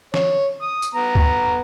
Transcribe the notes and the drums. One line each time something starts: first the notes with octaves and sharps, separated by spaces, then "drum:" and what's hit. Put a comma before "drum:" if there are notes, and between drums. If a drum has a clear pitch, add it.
C#5, drum: snare
D#6
drum: tambourine
B3 A#5
drum: kick